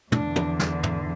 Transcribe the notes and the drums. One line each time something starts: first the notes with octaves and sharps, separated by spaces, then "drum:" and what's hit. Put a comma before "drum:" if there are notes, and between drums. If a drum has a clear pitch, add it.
E2 D3 D4, drum: tom
drum: tom
drum: snare
drum: tom